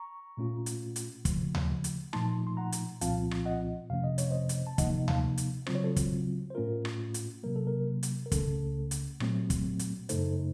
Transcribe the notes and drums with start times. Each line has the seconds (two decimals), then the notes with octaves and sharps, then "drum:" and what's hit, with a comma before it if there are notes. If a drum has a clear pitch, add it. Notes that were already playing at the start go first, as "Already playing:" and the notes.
Already playing: A#5 C#6
0.37 A#2 A3 C#4 F4
0.66 drum: hi-hat
0.96 drum: hi-hat
1.25 C#3 F3 A3, drum: kick, hi-hat
1.55 drum: tom D2
1.84 drum: hi-hat
2.13 A#2 F3 A3 D#4 A5 C6, drum: rim click
2.47 C6
2.57 F#5 A#5
2.72 drum: hi-hat
3.01 C2 A#2 F3 C4 F4 F5 A5, drum: hi-hat
3.31 drum: rim click
3.45 D#5 F#5
3.90 F2 C3 F3 A3 C#4 F5
4.04 D#5
4.18 C#5, drum: hi-hat
4.31 C5 D#5
4.49 drum: hi-hat
4.67 A5
4.78 C3 F3 A#3 D#4 D#5 F#5, drum: kick, hi-hat
5.08 F5 A5, drum: tom D2
5.38 drum: hi-hat
5.66 C#3 F#3 C4 F4 C5, drum: rim click
5.75 C#5
5.84 A4 C5
5.96 drum: kick, hi-hat
6.50 C5
6.55 A2 A3 C#4 F4 A#4
6.85 drum: rim click
7.14 drum: hi-hat
7.43 C3 F#3 A#3 A#4
7.56 A4
7.67 A#4
8.03 drum: hi-hat
8.26 A#4
8.32 C#2 C#3 A3 C#4 A4, drum: kick, hi-hat
8.91 drum: hi-hat
9.20 A#2 F#3 A3 C4, drum: rim click
9.50 drum: kick, hi-hat
9.79 drum: hi-hat
10.09 F#2 C#3 A3 D#4 A4 C5, drum: hi-hat